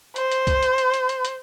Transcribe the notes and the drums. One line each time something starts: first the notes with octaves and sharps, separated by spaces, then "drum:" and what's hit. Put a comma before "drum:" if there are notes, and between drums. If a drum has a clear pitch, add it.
C5, drum: hi-hat
drum: hi-hat
drum: kick, hi-hat
drum: hi-hat
drum: hi-hat
drum: hi-hat
drum: hi-hat
drum: hi-hat